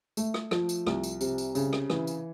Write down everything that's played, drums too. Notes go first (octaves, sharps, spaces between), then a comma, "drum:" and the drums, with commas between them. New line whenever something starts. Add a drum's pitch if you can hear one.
A3, drum: tambourine
drum: rim click
F3, drum: rim click
drum: tambourine
C2, drum: rim click
drum: tambourine
C3, drum: tambourine
drum: tambourine
C#3, drum: tambourine
drum: rim click
E3, drum: rim click
drum: tambourine